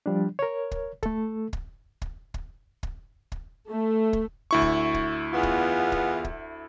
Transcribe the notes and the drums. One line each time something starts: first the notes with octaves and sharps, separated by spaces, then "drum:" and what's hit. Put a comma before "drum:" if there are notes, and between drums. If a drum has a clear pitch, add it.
F3 G3 D4
A#4 C#5
drum: kick
A3 A4, drum: kick
drum: kick
drum: kick
drum: kick
drum: kick
drum: kick
A3
drum: kick
D2 E4 C#6
drum: kick
drum: kick
E2 B3 F4
drum: kick
drum: kick
drum: kick